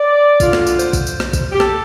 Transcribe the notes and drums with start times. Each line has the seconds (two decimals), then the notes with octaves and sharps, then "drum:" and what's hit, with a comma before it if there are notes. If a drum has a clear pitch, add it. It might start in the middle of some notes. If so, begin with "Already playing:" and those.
Already playing: D5
0.40 D3 A3 F4, drum: kick, tambourine
0.53 drum: rim click
0.67 drum: tambourine
0.79 C5, drum: tambourine
0.93 drum: kick, tambourine
1.07 drum: tambourine
1.20 drum: rim click
1.33 drum: kick, tambourine
1.52 G4
1.60 A4, drum: rim click